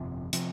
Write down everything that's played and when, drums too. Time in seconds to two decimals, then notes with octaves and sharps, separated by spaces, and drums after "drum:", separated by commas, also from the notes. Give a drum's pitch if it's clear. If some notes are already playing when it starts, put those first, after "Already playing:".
Already playing: G1 F2 C3 F3
0.33 C3 F3, drum: hi-hat